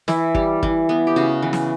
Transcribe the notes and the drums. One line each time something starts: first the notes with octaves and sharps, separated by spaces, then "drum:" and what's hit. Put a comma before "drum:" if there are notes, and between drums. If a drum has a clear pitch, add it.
E3 E4, drum: snare
G3, drum: kick
E3, drum: kick
B3
G4
C#3 F#4
E3
drum: snare